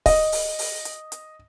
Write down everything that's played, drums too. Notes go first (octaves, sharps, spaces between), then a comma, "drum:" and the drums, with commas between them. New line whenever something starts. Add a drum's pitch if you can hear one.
D#5, drum: kick C#1, open hi-hat
drum: open hi-hat
drum: open hi-hat
drum: hi-hat
drum: hi-hat